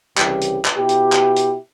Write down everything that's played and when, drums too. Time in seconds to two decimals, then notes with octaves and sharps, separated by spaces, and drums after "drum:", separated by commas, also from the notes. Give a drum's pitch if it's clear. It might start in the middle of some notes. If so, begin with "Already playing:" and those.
0.18 C2 C#3 E3 G3 G4, drum: clap
0.41 drum: hi-hat
0.65 drum: clap
0.77 B2 E4 G4
0.89 drum: hi-hat
1.13 drum: clap
1.36 drum: hi-hat